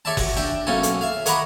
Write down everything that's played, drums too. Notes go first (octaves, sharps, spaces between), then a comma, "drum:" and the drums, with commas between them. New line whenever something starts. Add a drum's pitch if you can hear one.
A4 C#5 D5 E5 A5
F#4, drum: kick F#1, open hi-hat
D4 E5 G5
B1 A#3 C#4 A4 G#5
drum: hi-hat
E5 F5
C#5 D#5 F#5 A#5 B5 D6, drum: hi-hat